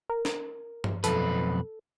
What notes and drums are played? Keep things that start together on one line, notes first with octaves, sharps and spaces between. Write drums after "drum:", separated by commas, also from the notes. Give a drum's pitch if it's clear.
A#4
drum: snare
drum: tom G2
B1 F2 A4 B4, drum: hi-hat